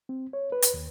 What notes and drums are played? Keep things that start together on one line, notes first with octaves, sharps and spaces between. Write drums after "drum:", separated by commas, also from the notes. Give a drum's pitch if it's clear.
C4
C#5
B4
drum: hi-hat
D#2